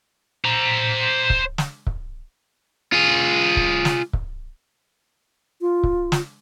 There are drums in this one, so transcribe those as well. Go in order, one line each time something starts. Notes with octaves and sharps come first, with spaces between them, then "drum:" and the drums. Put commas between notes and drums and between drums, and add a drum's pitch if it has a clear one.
C5 A#5
drum: kick C#1
drum: snare
drum: kick C#1
F4 G#4
drum: kick C#1
drum: snare
drum: kick C#1
F4
drum: kick C#1
drum: snare